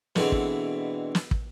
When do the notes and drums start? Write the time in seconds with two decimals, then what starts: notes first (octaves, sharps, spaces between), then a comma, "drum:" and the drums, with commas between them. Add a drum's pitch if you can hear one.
0.16 B2 D3 E3 G#3 C4, drum: snare
0.32 drum: kick
1.15 drum: snare
1.31 drum: kick